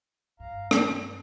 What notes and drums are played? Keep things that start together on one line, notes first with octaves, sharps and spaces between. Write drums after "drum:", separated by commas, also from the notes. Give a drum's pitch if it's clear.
G2 F5 A#5
G#3, drum: rim click